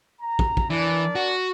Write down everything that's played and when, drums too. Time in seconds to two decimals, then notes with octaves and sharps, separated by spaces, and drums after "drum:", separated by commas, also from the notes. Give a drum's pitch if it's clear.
0.21 A#5
0.39 drum: kick
0.57 drum: kick
0.70 E3 D4 A#4 D5
1.15 F#4